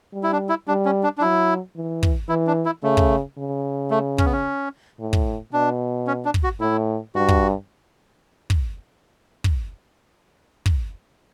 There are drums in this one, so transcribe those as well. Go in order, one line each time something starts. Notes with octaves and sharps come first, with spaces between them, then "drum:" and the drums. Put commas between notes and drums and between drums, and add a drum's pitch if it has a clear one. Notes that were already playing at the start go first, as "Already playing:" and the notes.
G3
E4
D4
E4
G3 D4
C#4
D4
D4
F#3 E4
E3
drum: kick
E3 E4
D4
E4
C#3 A3
drum: kick
C#3
A3
C#4, drum: kick
B3
C#4
A2
drum: kick
B2 D4
C#4
D4
drum: kick
F#4
A2 E4
G2 F#4
drum: kick
drum: kick
drum: kick
drum: kick